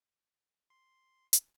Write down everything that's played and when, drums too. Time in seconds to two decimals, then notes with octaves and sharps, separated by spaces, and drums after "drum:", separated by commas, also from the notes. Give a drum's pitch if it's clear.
0.70 C6
1.33 drum: hi-hat